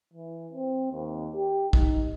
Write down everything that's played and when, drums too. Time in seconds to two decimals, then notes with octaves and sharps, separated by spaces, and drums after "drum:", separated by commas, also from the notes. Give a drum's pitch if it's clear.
0.13 E3
0.53 C4
0.92 D#2
1.34 G4
1.73 D#4, drum: kick